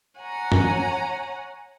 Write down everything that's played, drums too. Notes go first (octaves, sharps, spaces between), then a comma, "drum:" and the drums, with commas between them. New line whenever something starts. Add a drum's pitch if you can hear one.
C#5 F#5 G#5 A#5
drum: tom